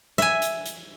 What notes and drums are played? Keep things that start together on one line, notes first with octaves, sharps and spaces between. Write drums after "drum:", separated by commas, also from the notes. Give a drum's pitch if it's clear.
E5 G#5, drum: snare
drum: hi-hat
drum: hi-hat